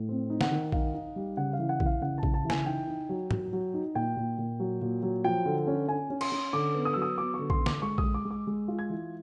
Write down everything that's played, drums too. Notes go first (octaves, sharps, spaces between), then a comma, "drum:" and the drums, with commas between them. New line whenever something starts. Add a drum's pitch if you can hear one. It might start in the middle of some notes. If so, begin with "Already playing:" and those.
Already playing: A2
C4
D#4
F#5, drum: snare
D#3
D#4 F5, drum: kick A#1
D#4
G3
C#3 F#5
F5
E3
F#5
E3, drum: kick A#1
F5
C#3 F#5
A5
C#3, drum: kick A#1
A5
E3
G#5, drum: snare
D#4 G5
D#4
F#3
F#3, drum: tom
F#3
D#4
A#2 G5
A#2
A#2
F#3
A#2
F#3
F3 G5
D3
C#4
C#4 G#5
C#4
C6, drum: cymbal
C#4
D3 D6
B3
D#6
F#3 E6
D#6
B3 D6
C#6
D3
C6, drum: kick A#1
D3
D6, drum: snare
G#3 C#6
D#6, drum: kick A#1
G#3
D6
G#3
D6
G#3
F4
G#6
E3